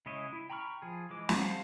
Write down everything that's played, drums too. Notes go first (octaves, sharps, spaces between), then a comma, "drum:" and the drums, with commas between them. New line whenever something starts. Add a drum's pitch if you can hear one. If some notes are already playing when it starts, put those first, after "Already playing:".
C#3 G#3 E4 C#5 D#5
E4
G5 A#5 B5 C#6 F6
F3 G#4
E3 G#3 D6
drum: snare
C5 F5 F#5 A5